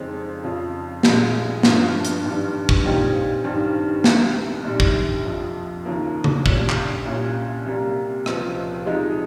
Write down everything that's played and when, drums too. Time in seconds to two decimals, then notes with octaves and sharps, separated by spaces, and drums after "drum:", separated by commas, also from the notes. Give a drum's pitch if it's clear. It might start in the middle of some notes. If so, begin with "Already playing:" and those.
Already playing: F2 C#3 G#3 C4 D#4
0.44 F2 C#3 F3
1.03 A#1 A#2 F3 G#3, drum: snare
1.63 G1 G2 F3, drum: snare
2.05 drum: hi-hat
2.23 G#1 G2 G3
2.69 drum: kick
2.84 A#2 G3 C4 D#4 G4
3.44 G#1 G2 D#3 G3 C4
4.04 C2 C3 D#3, drum: snare
4.64 A#1 G#2 G3
4.80 drum: kick
5.25 F2 C3 F3
5.85 D#2 C#3 F3 A#3
6.24 drum: tom C#3
6.46 A#1 A#2 G3 C#4, drum: kick
6.70 drum: clap
7.05 C2 A#2 G3 C#4
7.66 C3 G3 A#3
8.26 C#2 C3 F3 C4, drum: rim click
8.86 C3 F3 G#3 D#4